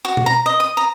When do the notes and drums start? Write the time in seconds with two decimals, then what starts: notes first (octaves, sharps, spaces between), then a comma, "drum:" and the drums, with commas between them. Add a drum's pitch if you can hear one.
0.05 F#4
0.17 drum: tom B2
0.26 A#5
0.46 D#5
0.60 D#6
0.77 A#5